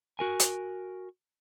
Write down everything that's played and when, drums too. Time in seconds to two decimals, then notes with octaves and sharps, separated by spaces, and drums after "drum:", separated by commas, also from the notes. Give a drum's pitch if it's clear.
0.19 F#4 A#4 G#5
0.40 drum: hi-hat